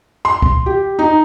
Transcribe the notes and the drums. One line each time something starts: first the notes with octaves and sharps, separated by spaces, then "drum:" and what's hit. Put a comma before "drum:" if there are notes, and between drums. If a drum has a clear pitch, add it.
C6
drum: kick
G4
D#4